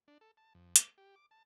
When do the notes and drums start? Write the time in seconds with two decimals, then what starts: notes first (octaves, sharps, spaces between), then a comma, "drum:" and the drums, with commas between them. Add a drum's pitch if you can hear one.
0.08 D4
0.21 A4
0.37 A5
0.55 F2
0.76 D6, drum: hi-hat
0.98 G4
1.16 D6
1.31 A5